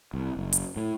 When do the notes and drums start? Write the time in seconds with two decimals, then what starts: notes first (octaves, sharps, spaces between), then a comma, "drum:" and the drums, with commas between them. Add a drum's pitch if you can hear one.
0.14 C2
0.37 F#1
0.53 drum: hi-hat
0.76 A2